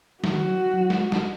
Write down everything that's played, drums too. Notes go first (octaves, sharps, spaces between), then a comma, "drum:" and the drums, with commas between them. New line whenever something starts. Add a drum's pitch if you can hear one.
D#3 F#4, drum: snare
F#3
F#3
G#3, drum: snare
drum: snare